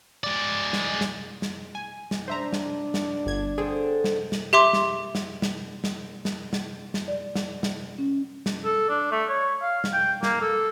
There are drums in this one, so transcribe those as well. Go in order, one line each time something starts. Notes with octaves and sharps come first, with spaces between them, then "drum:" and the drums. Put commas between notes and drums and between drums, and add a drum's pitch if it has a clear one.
G#3 D5
drum: snare
drum: snare
drum: snare
G#5
drum: snare
D4 C5 E5 A#5
drum: snare
drum: snare
G1 G#6
D3 C4 G#4
drum: snare
drum: snare
G4 E5 C6 D6
drum: snare
drum: snare
drum: snare
drum: snare
drum: snare
drum: snare
drum: snare
D5
drum: snare
drum: snare
C#4
drum: snare
A4
D4
A3
C#5
F5
drum: snare
G5
A#3, drum: snare
A4